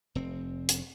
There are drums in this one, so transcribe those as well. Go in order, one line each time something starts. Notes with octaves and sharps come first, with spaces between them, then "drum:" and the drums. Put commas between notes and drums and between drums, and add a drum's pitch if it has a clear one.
F1 C4
drum: hi-hat